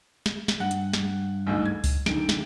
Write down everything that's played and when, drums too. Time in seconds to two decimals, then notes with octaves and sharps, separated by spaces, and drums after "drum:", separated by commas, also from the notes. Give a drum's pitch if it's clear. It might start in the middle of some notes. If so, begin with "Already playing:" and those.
0.26 drum: snare
0.48 drum: snare
0.60 G2 F#5
0.71 drum: hi-hat
0.93 drum: snare
1.47 A1 D2 G#2
1.66 G#6
1.84 drum: kick C#2, open hi-hat
2.06 F#2 D3 D#3 D7, drum: snare
2.29 drum: snare